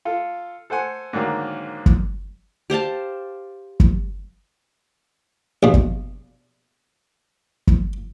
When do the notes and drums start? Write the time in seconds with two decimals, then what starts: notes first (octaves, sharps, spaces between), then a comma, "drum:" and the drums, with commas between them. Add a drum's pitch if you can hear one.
0.05 F4 A4
0.70 A4 C5 F#5 G#5 C6
1.13 G#2 D3 D#3 F#3 A#3
1.86 drum: kick
2.70 G4 C5 F5 A5
3.80 drum: kick
5.63 A#1 B2
5.74 drum: kick
7.67 drum: kick